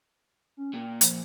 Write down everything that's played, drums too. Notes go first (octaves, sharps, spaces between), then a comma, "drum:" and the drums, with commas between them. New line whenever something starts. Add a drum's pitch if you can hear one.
C#4
A#2 G5
F3, drum: hi-hat